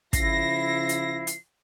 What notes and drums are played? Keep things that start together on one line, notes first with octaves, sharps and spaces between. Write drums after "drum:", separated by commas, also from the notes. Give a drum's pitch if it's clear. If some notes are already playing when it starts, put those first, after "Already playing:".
C#3 F3 E4 A#6 C7, drum: kick, hi-hat
drum: hi-hat
drum: hi-hat